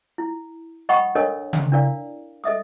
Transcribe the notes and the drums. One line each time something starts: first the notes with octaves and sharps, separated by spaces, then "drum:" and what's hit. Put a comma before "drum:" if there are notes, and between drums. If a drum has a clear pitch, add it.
E4
D#5 F#5 G5 B5 C#6 D#6
D4 A4 A#4 C#5 D#5 A5
drum: tom C#3
D4 E4 A#4 D5 F5
A4 D#5 E5 D#6